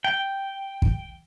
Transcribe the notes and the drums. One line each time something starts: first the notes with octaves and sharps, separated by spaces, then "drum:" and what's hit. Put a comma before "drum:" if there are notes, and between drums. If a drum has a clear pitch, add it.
G5
drum: kick